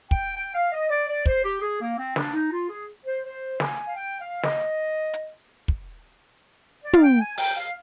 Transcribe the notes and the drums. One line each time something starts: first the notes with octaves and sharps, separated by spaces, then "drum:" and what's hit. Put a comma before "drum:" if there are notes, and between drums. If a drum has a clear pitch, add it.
G5, drum: kick
G5
F5
D#5
D5
D5
C5, drum: kick
G4
G#4
A#3
C4
D4, drum: snare
D#4
F4
G#4
C5
C5
G#5, drum: snare
F5
G5
F5
D#5, drum: snare
drum: hi-hat
drum: kick
D5
F5, drum: tom
G5
G#5
G5, drum: open hi-hat
F5